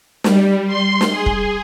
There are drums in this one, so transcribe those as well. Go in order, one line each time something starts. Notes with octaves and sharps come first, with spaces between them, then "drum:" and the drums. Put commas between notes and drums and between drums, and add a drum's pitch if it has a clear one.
G3, drum: snare
C6
drum: snare
G#4
drum: kick